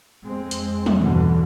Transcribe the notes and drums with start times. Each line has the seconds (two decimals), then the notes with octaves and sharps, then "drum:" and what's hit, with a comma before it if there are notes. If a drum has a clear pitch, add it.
0.25 F2 G#3 C4
0.51 drum: hi-hat
0.86 drum: tom
0.99 E2 G2 B2 D3 E3 F3